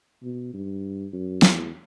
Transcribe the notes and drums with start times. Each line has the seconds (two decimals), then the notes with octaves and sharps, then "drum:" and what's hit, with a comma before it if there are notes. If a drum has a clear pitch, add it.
0.23 B2
0.53 G2
1.13 F#2
1.42 E2, drum: snare